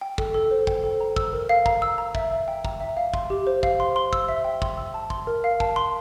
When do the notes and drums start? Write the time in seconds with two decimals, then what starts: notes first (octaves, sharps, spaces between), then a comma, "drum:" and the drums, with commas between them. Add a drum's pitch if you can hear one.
0.01 G5
0.18 A4, drum: kick
0.34 A4
0.51 C5
0.67 G5, drum: kick
0.84 A4
1.00 A#5
1.16 E6, drum: kick
1.33 A#4
1.49 F5
1.66 A#5, drum: kick
1.82 E6
1.98 A#5
2.15 E5, drum: kick
2.31 E5
2.48 G5
2.65 A#5, drum: kick
2.80 E5
2.97 F5
3.14 C6, drum: kick
3.30 G4
3.47 C5
3.63 F5, drum: kick
3.80 C6
3.96 C6
4.13 E6, drum: kick
4.29 E5
4.44 G5
4.62 C6, drum: kick
4.78 E6
4.94 A5
5.10 C6, drum: kick
5.27 A#4
5.44 F5
5.60 A5, drum: kick
5.76 C6